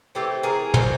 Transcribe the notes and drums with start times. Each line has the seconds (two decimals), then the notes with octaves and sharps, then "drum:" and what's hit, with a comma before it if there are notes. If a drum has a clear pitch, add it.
0.15 E3 A3 C4 G4 A4
0.43 G#4 A#4
0.74 E3 A3 C4, drum: tom